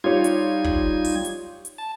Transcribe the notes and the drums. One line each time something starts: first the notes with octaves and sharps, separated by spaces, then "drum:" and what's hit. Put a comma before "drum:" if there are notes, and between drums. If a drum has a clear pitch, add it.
G3 D#4 F4 G4 C#5 G#6
drum: hi-hat
drum: kick
drum: open hi-hat
drum: hi-hat
drum: hi-hat
A5